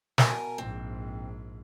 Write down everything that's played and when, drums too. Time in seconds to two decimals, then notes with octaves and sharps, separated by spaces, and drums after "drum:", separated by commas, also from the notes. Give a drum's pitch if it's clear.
0.18 B2 A#4 G#5, drum: snare
0.58 A#1 G#2 C4